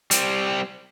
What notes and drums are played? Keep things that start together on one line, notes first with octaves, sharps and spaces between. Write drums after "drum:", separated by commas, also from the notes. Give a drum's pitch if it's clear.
G3 C4, drum: hi-hat